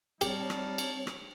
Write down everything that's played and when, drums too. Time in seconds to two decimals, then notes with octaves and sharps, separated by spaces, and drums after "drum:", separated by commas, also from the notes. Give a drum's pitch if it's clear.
0.21 G3 C4 D#4 G4 C#5 F5 A5, drum: cymbal
0.50 drum: rim click
0.78 drum: cymbal
1.07 drum: rim click